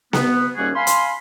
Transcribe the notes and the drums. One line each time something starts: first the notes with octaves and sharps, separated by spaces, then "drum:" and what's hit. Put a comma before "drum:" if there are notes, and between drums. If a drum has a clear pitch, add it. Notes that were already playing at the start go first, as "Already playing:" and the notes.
B3, drum: snare B3
D#2 G3 A#3 C#4 F#4 G#4
F5 G#5 B5 C6
drum: hi-hat